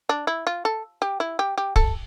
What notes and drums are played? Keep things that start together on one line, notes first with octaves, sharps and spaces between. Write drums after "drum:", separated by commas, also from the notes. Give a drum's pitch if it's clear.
D4
E4
F4
A4
G4
E4
G4
G4
A4, drum: kick